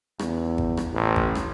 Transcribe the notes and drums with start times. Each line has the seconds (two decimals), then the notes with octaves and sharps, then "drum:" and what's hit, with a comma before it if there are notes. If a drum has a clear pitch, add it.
0.19 E2, drum: rim click
0.58 drum: kick G#1
0.77 drum: rim click
0.93 A1
1.16 drum: kick G#1
1.35 drum: rim click